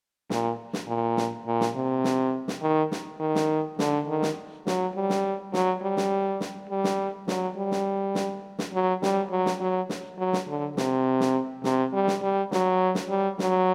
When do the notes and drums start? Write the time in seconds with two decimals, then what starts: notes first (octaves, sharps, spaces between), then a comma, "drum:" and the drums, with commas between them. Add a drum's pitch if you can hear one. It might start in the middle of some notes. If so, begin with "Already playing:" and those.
0.30 A#2, drum: snare
0.73 drum: snare
0.87 A#2
1.17 drum: snare
1.47 A#2
1.61 drum: snare
1.75 C3
2.04 drum: snare
2.48 drum: snare
2.62 D#3
2.92 drum: snare
3.20 D#3
3.35 drum: snare
3.79 D3, drum: snare
4.08 D#3
4.22 drum: snare
4.67 F#3, drum: snare
4.96 G3
5.10 drum: snare
5.53 F#3, drum: snare
5.83 G3
5.97 drum: snare
6.40 drum: snare
6.70 G3
6.84 drum: snare
7.28 F#3, drum: snare
7.57 G3
7.71 drum: snare
8.15 drum: snare
8.59 drum: snare
8.73 F#3
9.02 G3, drum: snare
9.31 F#3
9.46 drum: snare
9.60 F#3
9.89 drum: snare
10.18 F#3
10.33 drum: snare
10.47 D3
10.77 C3, drum: snare
11.20 drum: snare
11.64 C3, drum: snare
11.93 G3
12.08 drum: snare
12.22 G3
12.52 F#3, drum: snare
12.95 drum: snare
13.09 G3
13.39 F#3, drum: snare